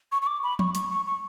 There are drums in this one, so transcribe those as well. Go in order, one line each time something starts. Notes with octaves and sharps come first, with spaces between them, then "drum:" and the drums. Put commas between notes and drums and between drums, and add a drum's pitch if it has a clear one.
C#6
C#6
D6
B5
C#6, drum: tom
C#6, drum: hi-hat
C#6
C#6